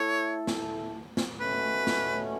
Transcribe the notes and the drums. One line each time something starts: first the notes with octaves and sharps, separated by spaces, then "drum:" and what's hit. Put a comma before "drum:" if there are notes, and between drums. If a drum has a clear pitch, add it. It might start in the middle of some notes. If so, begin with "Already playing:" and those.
Already playing: A3 E4 A4 C#5
drum: snare
drum: snare
B2 A3 C#4 B4
drum: snare